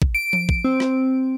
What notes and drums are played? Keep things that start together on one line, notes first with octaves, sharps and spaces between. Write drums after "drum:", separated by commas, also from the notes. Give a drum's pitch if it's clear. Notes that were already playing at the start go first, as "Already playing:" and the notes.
drum: kick
D7
drum: tom F3
drum: kick
C4
drum: rim click